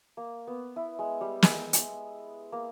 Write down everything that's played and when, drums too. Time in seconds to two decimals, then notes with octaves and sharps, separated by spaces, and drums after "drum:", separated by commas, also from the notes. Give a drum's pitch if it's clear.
0.17 A#3
0.47 B3
0.76 E4
0.99 G#3
1.21 G3
1.42 G#3, drum: snare
1.73 drum: hi-hat
2.52 A#3